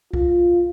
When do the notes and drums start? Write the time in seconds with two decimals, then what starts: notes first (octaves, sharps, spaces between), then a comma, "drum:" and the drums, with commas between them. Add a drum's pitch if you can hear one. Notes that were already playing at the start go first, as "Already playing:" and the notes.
0.13 F4, drum: kick B1